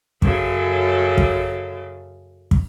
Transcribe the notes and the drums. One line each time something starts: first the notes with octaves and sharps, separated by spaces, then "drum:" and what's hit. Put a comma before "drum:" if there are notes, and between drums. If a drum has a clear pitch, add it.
F#2 C#3 A4, drum: kick
drum: kick
drum: kick